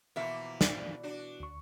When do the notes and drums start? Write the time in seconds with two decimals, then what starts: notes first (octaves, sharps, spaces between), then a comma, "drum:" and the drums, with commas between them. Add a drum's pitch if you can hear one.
0.16 B2 E3 F3 A#3 F4 E5
0.61 D5, drum: snare
1.03 D4 F#4
1.40 D2 C#6